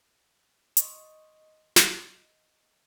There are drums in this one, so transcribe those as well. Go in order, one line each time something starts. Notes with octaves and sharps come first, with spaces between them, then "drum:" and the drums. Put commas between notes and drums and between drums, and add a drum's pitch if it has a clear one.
D#5 C6 C#6 A6 D7, drum: hi-hat
drum: snare